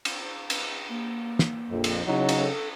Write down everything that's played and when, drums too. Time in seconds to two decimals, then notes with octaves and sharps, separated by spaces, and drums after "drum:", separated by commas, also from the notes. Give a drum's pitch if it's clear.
0.05 drum: cymbal
0.50 drum: cymbal
0.89 A#3
1.39 drum: snare
1.71 A#1 F2
1.84 drum: cymbal
2.06 C#3 F#3 D#4 E4
2.29 drum: cymbal
2.39 A4